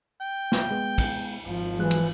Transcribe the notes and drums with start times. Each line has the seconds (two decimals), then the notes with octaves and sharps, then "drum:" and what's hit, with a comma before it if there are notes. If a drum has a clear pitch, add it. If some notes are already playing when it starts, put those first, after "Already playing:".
0.21 G5
0.52 drum: snare
0.71 G#3 B3
0.98 drum: kick, cymbal
1.44 G#1 F3
1.79 E3 F#3 G#3 F#6
1.91 drum: cymbal